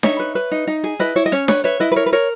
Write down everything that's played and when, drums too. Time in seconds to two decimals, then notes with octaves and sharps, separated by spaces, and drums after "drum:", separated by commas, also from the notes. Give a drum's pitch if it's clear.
0.03 D#4 C#5 E5, drum: snare D4
0.19 B4
0.35 B4
0.52 D#4
0.67 D#4
0.84 G#4
0.99 E4 B4 D#5
1.16 E4 C#5
1.26 D#5
1.32 C#4 C#5
1.48 B4 C#5, drum: snare D4
1.64 B4 C#5 E5
1.80 E4 B4 D#5
1.92 B4
1.96 A#4 C#5
2.06 B4
2.13 A#4 C#5